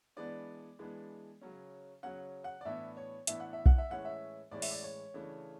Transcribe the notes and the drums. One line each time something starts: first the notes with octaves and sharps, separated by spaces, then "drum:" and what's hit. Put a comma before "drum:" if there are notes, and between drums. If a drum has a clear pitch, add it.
E3 G#3 B3 D4 D5
E3 G#3 B3 D4
C#3 F#3 C#4
C#3 F#3 C#4 F#5
F#5
D5
A2 E3 B3 D4 E5
C#5
A2 E3 B3 D4 E5, drum: hi-hat
F#5
E5
F#5, drum: kick B1
E5
A2 E3 G#3 C#4 F#5
E5
A2 E3 G#3 C#4 D5
E5, drum: open hi-hat
D5
C#5
C#3 E3 A3 D4